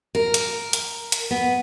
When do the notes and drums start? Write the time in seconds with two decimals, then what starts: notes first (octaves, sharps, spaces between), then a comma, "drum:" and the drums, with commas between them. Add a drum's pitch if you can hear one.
0.15 A#4
0.34 drum: hi-hat
0.73 drum: hi-hat
1.12 drum: hi-hat
1.31 B3